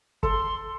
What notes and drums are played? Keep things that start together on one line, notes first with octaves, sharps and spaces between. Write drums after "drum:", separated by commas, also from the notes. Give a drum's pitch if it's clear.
A4 C6, drum: kick